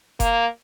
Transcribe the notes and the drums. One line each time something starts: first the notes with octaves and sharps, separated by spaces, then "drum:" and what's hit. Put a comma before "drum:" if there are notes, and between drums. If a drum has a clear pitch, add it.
A#3, drum: kick F#1, hi-hat